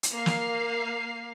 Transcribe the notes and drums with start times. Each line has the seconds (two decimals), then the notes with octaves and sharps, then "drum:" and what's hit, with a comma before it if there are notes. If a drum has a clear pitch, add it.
0.03 drum: hi-hat
0.14 A#3 F5 C7
0.26 drum: snare